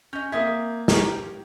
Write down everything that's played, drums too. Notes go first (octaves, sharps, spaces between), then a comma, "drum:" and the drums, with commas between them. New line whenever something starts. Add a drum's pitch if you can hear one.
C#4 D#5 G6
A#3 C4 E5 D#6 G#6
G4 A#4 G5 A#5, drum: snare